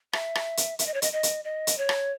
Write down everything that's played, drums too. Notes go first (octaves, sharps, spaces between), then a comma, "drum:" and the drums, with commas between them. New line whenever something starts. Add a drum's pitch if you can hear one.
E5, drum: rim click
drum: rim click
drum: hi-hat
E5, drum: hi-hat
D#5
C#5
D#5, drum: hi-hat
D#5
drum: hi-hat
D#5
drum: hi-hat
C#5
drum: rim click